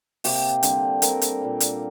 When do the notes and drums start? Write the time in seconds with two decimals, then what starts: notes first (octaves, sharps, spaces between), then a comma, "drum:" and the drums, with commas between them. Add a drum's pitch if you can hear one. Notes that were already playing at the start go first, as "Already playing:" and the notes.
0.24 C3 A#3 G4, drum: open hi-hat
0.63 D3 G3 C4, drum: hi-hat
1.02 D3 G3 C4 A#4, drum: hi-hat
1.22 drum: hi-hat
1.41 A#2 A#3
1.60 drum: hi-hat